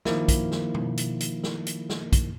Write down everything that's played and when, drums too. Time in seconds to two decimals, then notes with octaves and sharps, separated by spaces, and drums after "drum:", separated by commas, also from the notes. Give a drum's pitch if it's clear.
0.05 D#3 F3 A#3 E4, drum: snare
0.28 drum: kick, hi-hat
0.51 drum: snare
0.74 drum: tom B2
0.97 drum: hi-hat
1.20 drum: hi-hat
1.44 drum: snare
1.67 drum: hi-hat
1.90 drum: snare
2.13 drum: kick, hi-hat